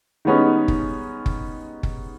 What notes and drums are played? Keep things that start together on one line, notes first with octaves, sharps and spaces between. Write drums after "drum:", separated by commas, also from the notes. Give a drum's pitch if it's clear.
D#3 G3 G#3 B3 C#4 D#4
drum: kick F#1
drum: kick F#1
drum: kick F#1